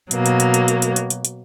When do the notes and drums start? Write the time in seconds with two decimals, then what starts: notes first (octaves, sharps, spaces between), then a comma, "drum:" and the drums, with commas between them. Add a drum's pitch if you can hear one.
0.11 B2 F#3 A#3, drum: hi-hat
0.26 drum: hi-hat
0.40 drum: hi-hat
0.54 drum: hi-hat
0.68 drum: hi-hat
0.82 drum: hi-hat
0.96 drum: hi-hat
1.10 drum: hi-hat
1.25 drum: hi-hat